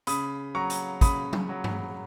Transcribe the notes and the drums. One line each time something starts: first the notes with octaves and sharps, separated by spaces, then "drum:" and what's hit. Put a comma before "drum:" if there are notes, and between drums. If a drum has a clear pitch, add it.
C#3 B5 D#6, drum: hi-hat
F#3 A#5 C#6
drum: hi-hat
C#3 B5 D#6, drum: kick, hi-hat
drum: tom F#3
F#3
drum: tom